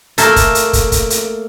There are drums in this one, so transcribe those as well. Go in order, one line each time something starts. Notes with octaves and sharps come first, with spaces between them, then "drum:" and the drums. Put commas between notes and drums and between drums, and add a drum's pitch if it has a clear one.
A3 A#3 A4, drum: hi-hat
drum: kick, hi-hat
drum: hi-hat
drum: kick, hi-hat
drum: kick, hi-hat
drum: hi-hat